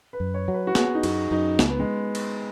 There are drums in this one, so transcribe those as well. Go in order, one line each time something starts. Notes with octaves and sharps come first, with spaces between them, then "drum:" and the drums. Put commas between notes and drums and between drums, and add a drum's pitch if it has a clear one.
B4
F#2
C#5
F#3
B4
F#4
B3 G#4, drum: snare
D#4
F#2 F#4, drum: cymbal
F#2 D#4
C#2, drum: snare
B3
G#3
drum: cymbal